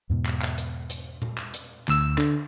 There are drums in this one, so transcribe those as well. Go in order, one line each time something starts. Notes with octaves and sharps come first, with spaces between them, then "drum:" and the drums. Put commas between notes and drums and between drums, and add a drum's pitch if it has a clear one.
E2 G#2 B2
drum: clap
drum: clap
drum: hi-hat
drum: hi-hat
drum: tom A#2
drum: clap
drum: hi-hat
D2 E6, drum: clap
D3, drum: clap